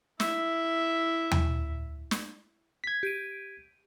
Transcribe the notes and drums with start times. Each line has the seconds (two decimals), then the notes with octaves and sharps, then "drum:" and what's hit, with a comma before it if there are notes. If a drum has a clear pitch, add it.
0.20 E4 E5, drum: snare
1.31 drum: tom D#2
2.11 drum: snare
2.84 G#6 B6
3.03 G4 D7 D#7